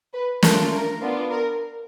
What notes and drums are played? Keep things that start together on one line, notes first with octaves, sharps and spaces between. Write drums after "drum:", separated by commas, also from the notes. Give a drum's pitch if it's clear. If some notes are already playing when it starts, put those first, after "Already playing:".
B4
A3 D4 F4 A4 A#4, drum: snare
A#4
B3 D4 F4
A#4